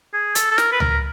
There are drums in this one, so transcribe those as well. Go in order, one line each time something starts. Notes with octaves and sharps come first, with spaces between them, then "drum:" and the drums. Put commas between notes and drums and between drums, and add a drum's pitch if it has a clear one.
G#4
A4, drum: hi-hat
A4
A#4, drum: snare
B4
A#4, drum: tom C#2